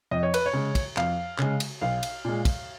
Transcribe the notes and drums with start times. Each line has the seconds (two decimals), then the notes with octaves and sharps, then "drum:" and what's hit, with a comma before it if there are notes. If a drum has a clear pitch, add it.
0.11 F2 D#5
0.23 C#5
0.34 B4, drum: cymbal
0.46 C#5
0.53 C#3 G#3
0.75 drum: kick, cymbal
0.97 F2 F5, drum: clap
1.38 C#3 G#3, drum: clap
1.60 drum: cymbal
1.81 B1 F5
2.03 drum: cymbal
2.25 A#2 G#3
2.45 drum: kick, cymbal